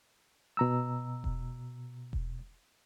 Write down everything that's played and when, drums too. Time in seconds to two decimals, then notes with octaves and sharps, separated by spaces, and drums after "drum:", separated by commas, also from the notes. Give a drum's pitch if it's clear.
0.57 B2 A#5 E6
1.24 drum: kick E1
2.13 drum: kick E1